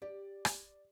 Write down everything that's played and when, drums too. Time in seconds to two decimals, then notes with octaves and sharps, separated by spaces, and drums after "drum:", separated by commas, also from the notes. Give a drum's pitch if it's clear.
0.02 G4 D5
0.45 drum: rim click